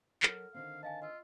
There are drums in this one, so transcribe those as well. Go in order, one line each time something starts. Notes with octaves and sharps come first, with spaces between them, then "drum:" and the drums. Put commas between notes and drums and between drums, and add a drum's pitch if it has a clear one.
F#3 A4 A#4 F6, drum: clap
D3 D#3 C4 F5
D#5 F5 G#5 A5
F4 D#5 E6